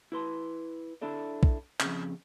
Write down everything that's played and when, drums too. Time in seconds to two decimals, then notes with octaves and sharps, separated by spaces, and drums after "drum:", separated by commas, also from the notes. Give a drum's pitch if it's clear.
0.12 E4 B4 C6
1.01 D4 E4 A4 D5
1.43 drum: kick B1
1.80 F2 C#3, drum: clap